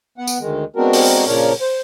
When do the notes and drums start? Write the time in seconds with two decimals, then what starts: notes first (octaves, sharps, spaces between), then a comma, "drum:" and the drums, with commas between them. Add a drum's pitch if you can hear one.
0.18 B3 F#5
0.27 drum: tambourine
0.40 D2 D#3 G#3
0.76 G#3 B3 C4 D4 F#4 A#4
0.93 drum: open hi-hat
1.26 A#2 C#3 F3 D4 A#4 C#5
1.61 C5